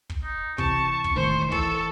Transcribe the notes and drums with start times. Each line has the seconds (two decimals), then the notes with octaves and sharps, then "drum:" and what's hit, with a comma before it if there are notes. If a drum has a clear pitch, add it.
0.10 drum: kick
0.24 D#4
0.58 C3 E3 A5 C#6, drum: kick
1.04 drum: kick
1.16 E1 A2 D#3 C5
1.52 E3 A4 C#6, drum: kick